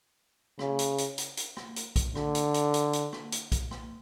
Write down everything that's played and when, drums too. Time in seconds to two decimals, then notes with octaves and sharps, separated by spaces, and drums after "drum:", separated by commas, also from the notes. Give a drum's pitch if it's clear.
0.59 C#3, drum: rim click
0.79 drum: hi-hat
0.98 drum: hi-hat
1.18 drum: hi-hat
1.37 drum: hi-hat
1.57 drum: rim click
1.76 drum: hi-hat
1.96 drum: kick B1, hi-hat
2.15 D3, drum: rim click
2.35 drum: hi-hat
2.54 drum: hi-hat
2.74 drum: hi-hat
2.93 drum: hi-hat
3.13 drum: rim click
3.32 drum: hi-hat
3.52 drum: kick B1, hi-hat
3.71 drum: rim click